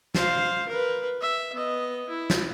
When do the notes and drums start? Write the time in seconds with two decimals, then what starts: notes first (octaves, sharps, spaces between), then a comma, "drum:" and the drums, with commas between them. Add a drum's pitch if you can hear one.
0.15 C5 F5, drum: snare F#4
0.68 A#4 B4
1.22 E5
1.53 B3 D#5
2.09 E4
2.30 drum: snare F#4